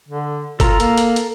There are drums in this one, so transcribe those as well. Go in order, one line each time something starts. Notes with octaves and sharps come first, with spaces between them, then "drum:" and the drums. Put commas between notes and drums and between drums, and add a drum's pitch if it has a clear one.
D3
F4 A4 A#5, drum: kick F#1, hi-hat
A#3, drum: hi-hat
drum: hi-hat
drum: hi-hat